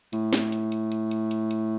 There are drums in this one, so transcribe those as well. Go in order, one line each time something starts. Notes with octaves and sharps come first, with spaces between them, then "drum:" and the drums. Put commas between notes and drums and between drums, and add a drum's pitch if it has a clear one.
A2, drum: hi-hat
drum: snare
drum: hi-hat
drum: hi-hat
drum: hi-hat
drum: hi-hat
drum: hi-hat
drum: hi-hat